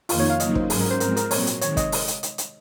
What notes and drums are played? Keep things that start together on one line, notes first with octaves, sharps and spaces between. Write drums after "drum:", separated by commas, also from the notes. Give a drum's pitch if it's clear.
F2 D#3 A#3 D#4 F4, drum: open hi-hat
C#5
F5
C#3 F#3 A#3 D#4 D#5, drum: hi-hat
C5, drum: kick
G#2 F#3 C#4 G#4, drum: open hi-hat
A#4
C5
G#2 F3 G#3 C4 A#4, drum: hi-hat
A#4, drum: hi-hat
A#2 F#3 C4 C#5, drum: open hi-hat
drum: hi-hat
C3 D#3 G#3 C#5, drum: hi-hat
D#5, drum: kick, hi-hat
drum: open hi-hat
drum: hi-hat
drum: hi-hat
drum: hi-hat